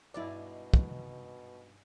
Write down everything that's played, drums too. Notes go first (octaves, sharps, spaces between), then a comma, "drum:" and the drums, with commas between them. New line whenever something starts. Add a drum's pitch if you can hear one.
G2 B2 G#3 D#4 E4 D5
drum: kick